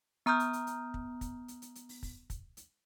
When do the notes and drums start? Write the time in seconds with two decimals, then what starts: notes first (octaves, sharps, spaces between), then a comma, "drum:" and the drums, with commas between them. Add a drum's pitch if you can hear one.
0.26 B3 A#5 D#6 F6 G6
0.40 drum: hi-hat
0.53 drum: hi-hat
0.67 drum: hi-hat
0.94 drum: kick
1.21 drum: kick, hi-hat
1.48 drum: hi-hat
1.62 drum: hi-hat
1.75 drum: hi-hat
1.89 drum: open hi-hat
2.03 drum: kick, open hi-hat
2.30 drum: kick, hi-hat
2.57 drum: hi-hat